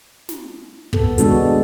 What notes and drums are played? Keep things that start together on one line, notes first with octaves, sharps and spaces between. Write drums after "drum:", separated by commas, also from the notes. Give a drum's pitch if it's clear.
drum: snare
B3 A4, drum: kick
D#3 G#3 B3 D4 F#4 A4, drum: hi-hat